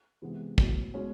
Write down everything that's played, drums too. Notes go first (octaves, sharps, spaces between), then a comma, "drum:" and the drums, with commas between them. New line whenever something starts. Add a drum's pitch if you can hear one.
C3 E3 G#3 B3
A2 F#3 B3, drum: kick
B2 G#3 C#4